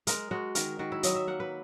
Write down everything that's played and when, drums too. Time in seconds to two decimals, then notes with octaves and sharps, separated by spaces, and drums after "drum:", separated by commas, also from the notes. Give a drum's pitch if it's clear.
0.07 G#3 A#4, drum: hi-hat
0.31 G#3 F#4
0.55 D#3 A#4, drum: hi-hat
0.79 D#3 F#4
0.92 E4
1.03 F#3 D#5, drum: hi-hat
1.15 E5
1.28 A#3 F#5
1.40 B4